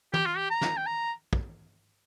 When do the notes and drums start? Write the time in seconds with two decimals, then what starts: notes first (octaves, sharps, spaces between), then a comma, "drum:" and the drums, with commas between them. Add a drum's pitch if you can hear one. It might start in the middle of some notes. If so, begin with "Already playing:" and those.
0.13 G4, drum: tom
0.26 F4
0.37 G4
0.50 A#5
0.61 drum: snare
0.77 G5
0.86 A#5
1.33 drum: kick